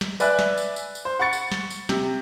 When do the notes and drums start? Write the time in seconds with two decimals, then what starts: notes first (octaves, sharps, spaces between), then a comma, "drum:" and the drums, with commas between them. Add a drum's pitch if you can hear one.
0.01 drum: snare
0.20 B4 D5 E5 G#5 F#6, drum: tambourine
0.39 drum: snare
0.58 drum: tambourine
0.76 drum: tambourine
0.95 drum: tambourine
1.05 C5
1.20 F#5 B5 C#6 A6 C#7
1.33 drum: tambourine
1.52 drum: snare
1.70 drum: tambourine
1.89 C3, drum: snare